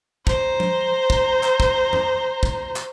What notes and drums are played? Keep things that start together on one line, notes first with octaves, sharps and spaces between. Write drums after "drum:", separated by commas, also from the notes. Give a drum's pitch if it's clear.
C5 A#5, drum: kick
drum: tom
drum: kick
drum: clap
drum: kick
drum: tom F#2
drum: kick
drum: clap